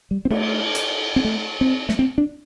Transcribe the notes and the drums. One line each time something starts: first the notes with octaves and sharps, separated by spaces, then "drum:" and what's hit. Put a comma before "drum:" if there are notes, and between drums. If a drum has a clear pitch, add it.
G3
C4
A3, drum: cymbal
drum: hi-hat
C4
A3
C4
A3, drum: snare
C4
D4